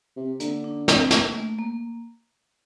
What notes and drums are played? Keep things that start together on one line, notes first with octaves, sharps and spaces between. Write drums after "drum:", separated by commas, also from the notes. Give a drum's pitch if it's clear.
C3
D3 A#3, drum: hi-hat
D4
C4, drum: snare
A#3, drum: snare
A3
A#3